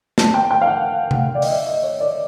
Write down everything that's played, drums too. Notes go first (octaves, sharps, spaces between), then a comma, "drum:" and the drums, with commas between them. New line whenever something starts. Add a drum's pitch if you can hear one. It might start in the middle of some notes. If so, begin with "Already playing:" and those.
A5, drum: snare
G5
G5
F5
F#5
drum: tom C3
D5
D#5, drum: open hi-hat
E5
D#5
C#5
D5